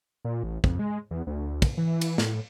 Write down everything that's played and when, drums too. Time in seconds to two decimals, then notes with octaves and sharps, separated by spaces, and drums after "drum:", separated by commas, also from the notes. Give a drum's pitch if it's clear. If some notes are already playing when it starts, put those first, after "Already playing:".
0.25 A#2
0.43 A1
0.64 F2, drum: kick
0.79 G#3
1.11 E2
1.27 D2
1.62 drum: kick, cymbal
1.77 E3
2.01 drum: cymbal
2.18 A2, drum: snare